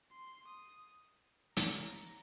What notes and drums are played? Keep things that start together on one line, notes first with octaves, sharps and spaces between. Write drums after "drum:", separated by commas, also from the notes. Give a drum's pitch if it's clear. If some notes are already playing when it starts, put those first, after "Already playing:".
C6
D#6
A#5, drum: hi-hat